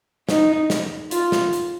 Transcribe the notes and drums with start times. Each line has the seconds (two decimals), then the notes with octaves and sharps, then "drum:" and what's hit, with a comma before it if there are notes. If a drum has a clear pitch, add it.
0.29 D#4, drum: snare
0.70 drum: snare
1.11 F4, drum: hi-hat
1.32 drum: snare
1.53 drum: hi-hat